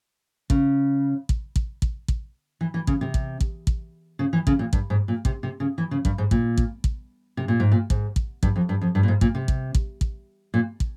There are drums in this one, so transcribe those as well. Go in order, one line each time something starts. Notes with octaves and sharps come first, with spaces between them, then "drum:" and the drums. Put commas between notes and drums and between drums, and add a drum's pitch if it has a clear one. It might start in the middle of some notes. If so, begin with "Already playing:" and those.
C#3, drum: kick
drum: kick
drum: kick
drum: kick
drum: kick
E3
E3
C#3, drum: kick
C3
drum: kick
drum: kick
drum: kick
C#3
E3
C#3, drum: kick
A#2
G2, drum: kick
G#2
A#2
C3, drum: kick
C3
C#3
E3
C#3
G2, drum: kick
G#2
A#2, drum: kick
drum: kick
drum: kick
C3
A#2
G#2
A#2
G#2, drum: kick
drum: kick
G2, drum: kick
F2
G2
F2
G2
A#2
G#2
A#2, drum: kick
C3
drum: kick
drum: kick
drum: kick
A#2
drum: kick